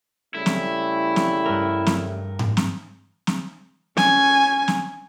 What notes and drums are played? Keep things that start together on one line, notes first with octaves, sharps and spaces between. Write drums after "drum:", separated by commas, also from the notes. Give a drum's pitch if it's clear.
C#3 G3 A3 E4
drum: snare
drum: snare
G2 A#4
drum: snare
drum: tom G#2
drum: snare
drum: snare
C#4 G#5, drum: snare
drum: snare